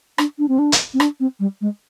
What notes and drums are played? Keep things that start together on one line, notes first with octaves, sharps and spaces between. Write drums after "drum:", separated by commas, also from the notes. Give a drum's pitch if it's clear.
D4, drum: rim click
D4
C4
D4
drum: hi-hat
C4
D4, drum: rim click
C4
G3
G#3